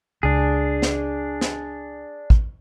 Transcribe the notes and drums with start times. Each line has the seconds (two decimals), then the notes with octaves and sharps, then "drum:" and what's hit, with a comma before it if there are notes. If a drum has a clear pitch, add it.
0.23 C#2 D4 G#4
0.82 drum: snare
1.41 drum: snare
2.30 drum: kick